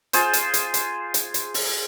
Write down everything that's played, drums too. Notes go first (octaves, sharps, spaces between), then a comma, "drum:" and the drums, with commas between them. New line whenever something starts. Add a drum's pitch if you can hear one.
F4 G#4 C5, drum: hi-hat
drum: hi-hat
drum: hi-hat
drum: hi-hat
drum: hi-hat
drum: hi-hat
drum: open hi-hat